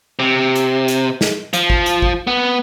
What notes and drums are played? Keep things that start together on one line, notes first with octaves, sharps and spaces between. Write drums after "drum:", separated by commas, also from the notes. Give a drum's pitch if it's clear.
C3
drum: hi-hat
drum: hi-hat
drum: snare
F3, drum: hi-hat
drum: kick G#1
drum: hi-hat
drum: kick G#1
B3